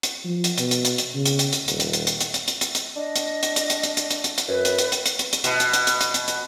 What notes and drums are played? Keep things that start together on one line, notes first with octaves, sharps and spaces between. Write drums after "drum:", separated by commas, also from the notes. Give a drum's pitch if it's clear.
drum: hi-hat
F3
drum: hi-hat
B2, drum: hi-hat
drum: hi-hat
drum: hi-hat
drum: hi-hat
C#3
drum: hi-hat
drum: hi-hat
drum: hi-hat
D#1, drum: hi-hat
drum: hi-hat
drum: hi-hat
drum: hi-hat
drum: hi-hat
drum: hi-hat
drum: hi-hat
drum: hi-hat
drum: hi-hat
D4 D#5
drum: hi-hat
drum: hi-hat
drum: hi-hat
drum: hi-hat
drum: hi-hat
drum: hi-hat
drum: hi-hat
drum: hi-hat
drum: hi-hat
F#2 B4
drum: hi-hat
drum: hi-hat
drum: hi-hat
drum: hi-hat
drum: hi-hat
drum: hi-hat
B2, drum: hi-hat
drum: hi-hat
drum: hi-hat
drum: hi-hat
drum: hi-hat
drum: hi-hat
drum: hi-hat